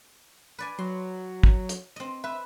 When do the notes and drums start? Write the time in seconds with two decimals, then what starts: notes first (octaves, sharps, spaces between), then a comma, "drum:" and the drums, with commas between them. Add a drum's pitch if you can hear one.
0.59 B4 D5 G#5
0.79 F#3 C6
1.43 drum: kick
1.69 drum: hi-hat
1.96 C4 D#5
2.24 B4 E5